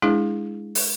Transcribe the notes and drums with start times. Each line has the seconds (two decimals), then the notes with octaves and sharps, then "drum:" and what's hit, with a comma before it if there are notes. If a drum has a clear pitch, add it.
0.02 G#3 D4 E4 G#4
0.75 drum: open hi-hat